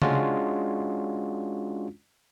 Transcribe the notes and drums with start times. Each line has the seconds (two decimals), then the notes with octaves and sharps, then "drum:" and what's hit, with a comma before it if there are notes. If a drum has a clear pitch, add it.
0.02 G#3 C#4 D4 F4 F#4, drum: tom C#3